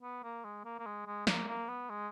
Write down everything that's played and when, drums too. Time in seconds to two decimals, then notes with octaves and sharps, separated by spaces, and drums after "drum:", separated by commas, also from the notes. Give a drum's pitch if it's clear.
0.02 B3
0.23 A#3
0.44 G#3
0.65 A#3
0.79 A#3
0.86 G#3
1.06 G#3
1.27 A#3, drum: snare
1.48 A#3
1.69 B3
1.90 G#3